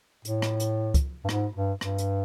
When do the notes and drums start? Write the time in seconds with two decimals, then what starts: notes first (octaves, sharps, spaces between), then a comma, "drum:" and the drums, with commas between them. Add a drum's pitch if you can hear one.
0.25 A2, drum: hi-hat
0.42 drum: rim click
0.60 drum: hi-hat
0.94 drum: kick, hi-hat
1.24 G2
1.29 G#2, drum: rim click
1.55 G2
1.81 G2, drum: rim click
1.98 drum: hi-hat